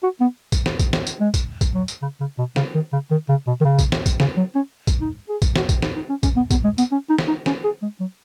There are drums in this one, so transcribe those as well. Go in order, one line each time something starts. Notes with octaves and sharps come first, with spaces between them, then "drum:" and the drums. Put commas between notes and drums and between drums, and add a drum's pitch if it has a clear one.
F#4
B3
drum: kick, tambourine
drum: snare
drum: kick, tambourine
drum: snare
drum: tambourine
G#3
drum: kick, tambourine
drum: kick, tambourine
F#3
drum: tambourine
C#3
C#3
B2
C#3, drum: snare
D#3
C#3
D#3
C#3
B2
D#3
C#3
drum: kick, tambourine
drum: snare
drum: kick, tambourine
C#3, drum: snare
F#3
C#4
drum: kick, tambourine
D#4
G#4
drum: kick, tambourine
F#4, drum: snare
drum: kick, tambourine
D#4, drum: snare
D#4
C#4
C#4, drum: kick, tambourine
B3
B3, drum: kick, tambourine
G#3
B3, drum: tambourine
C#4
D#4
drum: snare
D#4
C#4, drum: snare
G#4
G#3
F#3